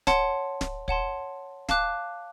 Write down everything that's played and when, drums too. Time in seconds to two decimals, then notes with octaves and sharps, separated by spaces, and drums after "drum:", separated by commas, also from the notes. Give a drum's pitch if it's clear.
0.07 C#5 F#5 A5 C6, drum: snare
0.61 drum: snare
0.88 C#5 F#5 A5 C6, drum: kick
1.69 F5 A5 D6 F#6, drum: snare